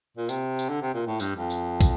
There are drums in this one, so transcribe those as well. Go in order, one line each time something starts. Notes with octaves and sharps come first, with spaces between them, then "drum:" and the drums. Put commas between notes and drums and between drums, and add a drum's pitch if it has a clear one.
A#2
C3, drum: tambourine
drum: tambourine
D3
C3
A#2
A2
G2, drum: tambourine
F2
drum: tambourine
drum: kick, tambourine